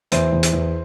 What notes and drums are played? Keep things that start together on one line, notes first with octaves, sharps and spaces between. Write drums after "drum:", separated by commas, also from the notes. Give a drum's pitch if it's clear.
E2 C5 E5, drum: hi-hat
E2
drum: hi-hat
E2